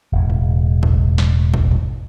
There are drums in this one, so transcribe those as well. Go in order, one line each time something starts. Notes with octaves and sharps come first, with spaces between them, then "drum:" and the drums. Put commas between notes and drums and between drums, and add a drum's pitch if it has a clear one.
E1 A2
drum: tom E2
drum: kick
drum: snare
drum: kick
drum: tom G#2